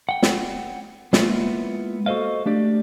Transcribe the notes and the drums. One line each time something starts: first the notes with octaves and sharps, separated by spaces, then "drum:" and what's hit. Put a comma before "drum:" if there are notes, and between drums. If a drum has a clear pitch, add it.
F#5 G5
drum: snare
G#3 A#3 B3 E4 F4, drum: snare
F#4 A4 C5 D#5 F5
A3 D4 G4 D5